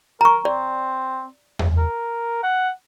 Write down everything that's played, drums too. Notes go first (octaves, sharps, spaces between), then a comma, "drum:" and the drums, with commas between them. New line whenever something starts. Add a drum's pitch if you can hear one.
A#4 A#5 C#6
C4 D5
drum: tom E2
A#4
F#5